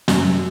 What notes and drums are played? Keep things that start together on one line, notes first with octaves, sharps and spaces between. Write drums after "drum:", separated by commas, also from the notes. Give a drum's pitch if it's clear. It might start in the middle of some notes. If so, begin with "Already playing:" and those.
F#2, drum: snare